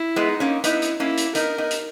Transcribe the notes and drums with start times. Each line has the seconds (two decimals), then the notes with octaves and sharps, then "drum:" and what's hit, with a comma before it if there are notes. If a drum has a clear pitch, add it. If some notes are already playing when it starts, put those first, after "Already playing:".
Already playing: E4
0.16 G#3 B3
0.28 D#4
0.40 A#3 C#4
0.64 B3 D#4 E4, drum: hi-hat
0.82 drum: hi-hat
1.00 A#3 C#4 E4
1.17 drum: hi-hat
1.35 B3 D#4 A#4, drum: hi-hat
1.58 B3 D#4
1.71 drum: hi-hat